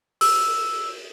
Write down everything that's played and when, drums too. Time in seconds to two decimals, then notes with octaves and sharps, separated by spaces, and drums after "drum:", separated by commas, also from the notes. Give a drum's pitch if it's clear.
0.21 E6, drum: open hi-hat